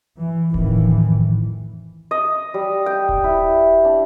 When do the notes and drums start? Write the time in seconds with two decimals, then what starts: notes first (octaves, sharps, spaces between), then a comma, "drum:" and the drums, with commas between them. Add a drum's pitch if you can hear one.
0.19 E3
0.54 A1 F2 D#3 E3, drum: kick D#1
2.11 D#5
2.54 G3
2.86 G5
3.09 drum: kick D#1
3.24 E4
3.85 D4